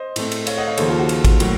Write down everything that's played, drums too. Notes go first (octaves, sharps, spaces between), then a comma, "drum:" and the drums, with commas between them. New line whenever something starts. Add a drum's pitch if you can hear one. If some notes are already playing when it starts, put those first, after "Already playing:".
Already playing: C5 D#5
A2 A3 C4, drum: cymbal
drum: cymbal
C#5 F5, drum: cymbal
D#5 F#5
C#5 F5
D#2 C#3 F3 A4 C5, drum: cymbal
F4 A4
F#4
drum: cymbal
drum: kick, cymbal
A2 F#3 A#3, drum: cymbal